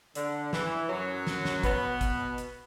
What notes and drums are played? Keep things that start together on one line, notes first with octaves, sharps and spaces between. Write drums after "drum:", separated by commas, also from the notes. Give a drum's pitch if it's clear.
D3, drum: hi-hat
E3, drum: snare
F#2 F#3
drum: snare
drum: snare
B2 B3, drum: kick, hi-hat
drum: kick, hi-hat
drum: hi-hat